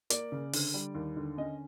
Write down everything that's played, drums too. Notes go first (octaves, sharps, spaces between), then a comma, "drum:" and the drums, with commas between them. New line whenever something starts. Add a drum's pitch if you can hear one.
A#3 D5, drum: hi-hat
C#3
D3, drum: open hi-hat
G3
D#2
D3
C#4 D#5